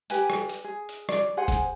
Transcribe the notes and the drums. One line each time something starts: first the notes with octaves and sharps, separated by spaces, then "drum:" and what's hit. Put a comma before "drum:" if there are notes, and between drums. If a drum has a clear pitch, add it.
G4 B4 G#5, drum: hi-hat
drum: rim click
drum: hi-hat
G#4
drum: hi-hat
C#5 D5, drum: rim click
G#4 C5 F#5 G#5
drum: kick, hi-hat